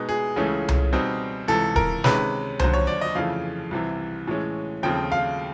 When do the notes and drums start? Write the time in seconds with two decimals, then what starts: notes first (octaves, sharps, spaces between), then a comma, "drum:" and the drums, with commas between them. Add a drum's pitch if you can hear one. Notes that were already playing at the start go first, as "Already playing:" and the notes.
Already playing: B2 G#3 B3 D#4
0.09 G#4
0.36 C#2 C#3 E3 A3 C#4
0.68 drum: tom C2
0.93 B2 G3 C4 D#4
1.48 C#2 C3 E3 A4
1.76 A#4, drum: kick D#1
2.04 C3 D#3 G#3 C#4 B4, drum: snare
2.59 D#2 D3 F#3 C5, drum: tom C2
2.73 C#5
2.87 D5
3.01 D#5
3.15 F2 C#3 E3 A3 F5
3.71 C2 C3 E3
4.27 A2 E3 G#3 C#4
4.83 D#2 C#3 F3 A3 C4 G5
5.12 F5